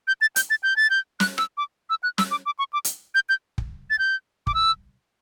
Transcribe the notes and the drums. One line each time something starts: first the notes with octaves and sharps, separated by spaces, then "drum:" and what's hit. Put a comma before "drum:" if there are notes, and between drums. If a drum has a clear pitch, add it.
G6
A6
G6, drum: hi-hat
A6
G6
A6
G6
F#6, drum: snare
E6, drum: rim click
D6
E6
F#6
E6, drum: snare
D6
D6
C#6
D6
drum: hi-hat
G6
G6
drum: kick
A6
G6
D6, drum: kick
E6